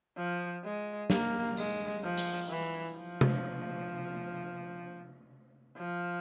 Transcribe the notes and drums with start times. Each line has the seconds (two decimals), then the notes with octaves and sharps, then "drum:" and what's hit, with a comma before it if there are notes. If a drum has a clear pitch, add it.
0.17 F3
0.64 G#3
1.10 A#3, drum: snare
1.57 G#3, drum: tambourine
2.03 F3
2.17 drum: hi-hat
2.49 E3
2.97 F3
3.21 drum: tom C3
5.77 F3